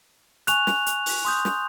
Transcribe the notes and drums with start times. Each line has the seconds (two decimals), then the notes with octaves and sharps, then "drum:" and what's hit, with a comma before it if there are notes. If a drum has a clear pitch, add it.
0.47 G#5 C#6 F#6 F7, drum: hi-hat
0.67 drum: snare
0.86 drum: hi-hat
1.06 drum: open hi-hat
1.25 C6 D#6 G6
1.45 drum: snare